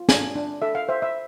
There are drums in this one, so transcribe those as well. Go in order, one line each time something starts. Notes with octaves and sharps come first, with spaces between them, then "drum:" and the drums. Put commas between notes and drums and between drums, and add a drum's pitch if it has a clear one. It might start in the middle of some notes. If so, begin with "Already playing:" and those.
Already playing: F4
D4 G#5, drum: snare
D4
A4 E5
F5
C5 E5
E5